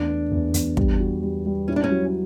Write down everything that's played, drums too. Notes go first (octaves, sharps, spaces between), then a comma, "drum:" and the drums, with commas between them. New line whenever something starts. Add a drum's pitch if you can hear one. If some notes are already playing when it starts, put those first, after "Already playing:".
Already playing: E2 A3 D4
B3
E2
E2, drum: hi-hat
G3, drum: kick
F#4
G3
G3
C#4 E4
D4
C#4
F#3